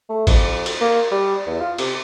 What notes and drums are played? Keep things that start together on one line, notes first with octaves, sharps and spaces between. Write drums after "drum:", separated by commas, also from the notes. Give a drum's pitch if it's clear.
A3
F2, drum: kick, cymbal
drum: cymbal
A#3
G3
E2
F4
C3, drum: cymbal